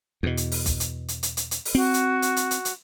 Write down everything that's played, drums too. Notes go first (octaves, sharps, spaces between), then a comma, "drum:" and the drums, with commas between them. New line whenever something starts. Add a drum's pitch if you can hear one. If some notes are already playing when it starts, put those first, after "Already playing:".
E2 B2
drum: hi-hat
drum: open hi-hat
drum: kick, hi-hat
drum: hi-hat
drum: hi-hat
drum: hi-hat
drum: hi-hat
drum: hi-hat
drum: open hi-hat
C4 F#4
drum: hi-hat
drum: hi-hat
drum: hi-hat
drum: hi-hat
drum: hi-hat